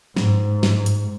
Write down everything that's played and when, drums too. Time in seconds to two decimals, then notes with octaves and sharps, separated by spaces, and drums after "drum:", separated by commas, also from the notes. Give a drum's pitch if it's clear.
0.17 G#2, drum: snare
0.63 drum: snare
0.86 drum: hi-hat